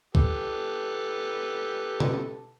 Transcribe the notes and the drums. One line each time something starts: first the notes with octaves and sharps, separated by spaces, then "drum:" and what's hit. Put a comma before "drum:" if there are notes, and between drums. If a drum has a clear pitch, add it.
G4 A4 B4, drum: kick
drum: tom B2